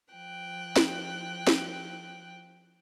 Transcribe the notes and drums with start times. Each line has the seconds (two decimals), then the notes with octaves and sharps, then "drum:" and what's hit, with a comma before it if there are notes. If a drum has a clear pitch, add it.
0.13 F3 G5 F#6
0.76 drum: snare
1.47 drum: snare